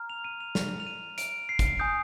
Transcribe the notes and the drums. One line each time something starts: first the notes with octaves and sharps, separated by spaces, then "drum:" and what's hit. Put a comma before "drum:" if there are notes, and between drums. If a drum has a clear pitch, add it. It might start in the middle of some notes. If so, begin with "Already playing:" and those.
Already playing: A#5 F6
F7
D#7
F7
F7, drum: snare
F7
D#7
D7, drum: hi-hat
C7
drum: kick, hi-hat
G#5 D#6 G6